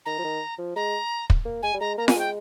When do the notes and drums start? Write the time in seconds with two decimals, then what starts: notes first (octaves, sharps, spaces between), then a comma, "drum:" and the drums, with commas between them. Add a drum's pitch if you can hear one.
0.06 D#3 A#5
0.18 F3
0.24 D#3
0.58 F3
0.76 G#3 A#5
1.30 drum: kick
1.45 A#3
1.63 G#3 G#5
1.74 G3
1.80 G#3 A#5
1.98 A#3 A#5
2.08 G#5, drum: snare F4
2.16 G#3 G5